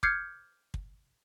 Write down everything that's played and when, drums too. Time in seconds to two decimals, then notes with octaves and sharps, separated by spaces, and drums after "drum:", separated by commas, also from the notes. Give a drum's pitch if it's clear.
0.03 D6 F6 G6 G#6 C7 C#7, drum: kick
0.74 drum: kick